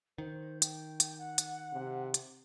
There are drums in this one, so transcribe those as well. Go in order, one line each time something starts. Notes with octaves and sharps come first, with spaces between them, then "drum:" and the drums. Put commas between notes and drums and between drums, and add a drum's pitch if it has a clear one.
D#3 C5
G5, drum: hi-hat
drum: hi-hat
F#5
drum: hi-hat
C3
drum: hi-hat